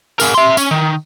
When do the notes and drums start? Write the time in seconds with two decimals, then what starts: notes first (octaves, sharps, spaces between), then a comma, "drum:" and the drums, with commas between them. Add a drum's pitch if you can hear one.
0.20 G#3 A#4, drum: tambourine
0.34 E5 C6
0.57 C#4, drum: tambourine
0.71 D#3